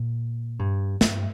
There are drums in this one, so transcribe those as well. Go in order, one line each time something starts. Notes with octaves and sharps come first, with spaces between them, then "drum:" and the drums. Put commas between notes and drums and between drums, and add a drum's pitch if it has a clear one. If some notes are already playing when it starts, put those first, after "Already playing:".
Already playing: A#2
G2
G2, drum: snare